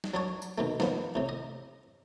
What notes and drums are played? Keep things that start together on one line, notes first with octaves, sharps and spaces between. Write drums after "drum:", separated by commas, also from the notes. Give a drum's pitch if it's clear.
drum: snare
F#3 D4 C#5
drum: tambourine
B2 D#3 A3
D#2 F3 B3, drum: snare
A2 C3, drum: tom D#3
D#5